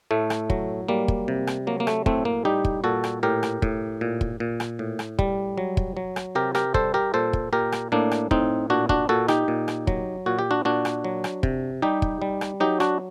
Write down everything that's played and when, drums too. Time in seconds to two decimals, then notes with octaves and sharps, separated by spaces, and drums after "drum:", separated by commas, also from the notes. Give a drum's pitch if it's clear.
0.11 A2 A3
0.30 drum: rim click
0.50 F#3, drum: kick
0.89 G3 A#3
1.08 drum: kick
1.28 C3
1.47 drum: rim click
1.67 F#3 A#3
1.80 A#3
1.87 A3, drum: rim click
2.06 A2 A3 C4, drum: kick
2.25 A#3
2.45 G3 D#4 G4
2.65 drum: kick
2.84 A#2 F#4 A4
3.04 drum: rim click
3.23 A2 G4 A#4
3.43 drum: rim click
3.62 A2, drum: kick
4.01 A#2
4.21 drum: kick
4.40 A#2
4.60 drum: rim click
4.79 A2
4.99 drum: rim click
5.19 G3, drum: kick
5.58 F#3
5.77 drum: kick
5.97 F#3
6.16 drum: rim click
6.35 C3 G4 A#4
6.55 G4 A#4, drum: rim click
6.74 G3 A4 C5, drum: kick
6.94 G4 A#4
7.14 A#2 A4 C5
7.33 drum: kick
7.53 A#2 G4 A#4
7.72 drum: rim click
7.92 A2 A#3 D4
8.11 drum: rim click
8.31 A2 C4 D#4, drum: kick
8.70 A#2 D4 F#4
8.89 D4 F#4, drum: kick
9.09 A#2 F#4 A4
9.28 D#4 G4, drum: rim click
9.48 A#2
9.68 drum: rim click
9.87 F#3, drum: kick
10.26 A#2 F#4
10.39 G4
10.51 D4 F#4
10.65 A#2 D4 F#4
10.85 drum: rim click
11.04 F#3
11.24 drum: rim click
11.43 C3, drum: kick
11.82 G3 D#4 G4
12.02 drum: kick
12.22 G3
12.41 drum: rim click
12.60 F#3 D#4 G4
12.80 D4 F#4, drum: rim click